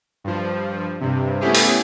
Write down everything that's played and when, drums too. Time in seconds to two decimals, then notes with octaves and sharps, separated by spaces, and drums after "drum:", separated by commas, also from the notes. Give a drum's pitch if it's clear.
0.24 G2 F3
1.01 G2 C3
1.41 A3 B3 C#4 E4 G4 G#4
1.55 drum: open hi-hat